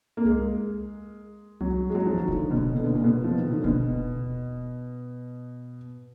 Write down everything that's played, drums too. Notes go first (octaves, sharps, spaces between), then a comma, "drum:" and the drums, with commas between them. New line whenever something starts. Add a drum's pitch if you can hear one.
A#3
G#3, drum: tom C2
F#3, drum: tom C2
G#3
F#3
F3
D#3
D3, drum: kick D#1
B2
D3
B2
A#2
B2
F3
D#3
D3
B2, drum: kick D#1